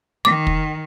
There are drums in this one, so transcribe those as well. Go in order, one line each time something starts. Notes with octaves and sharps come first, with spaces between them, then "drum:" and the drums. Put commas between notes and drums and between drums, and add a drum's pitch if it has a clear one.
D#3 D6
drum: kick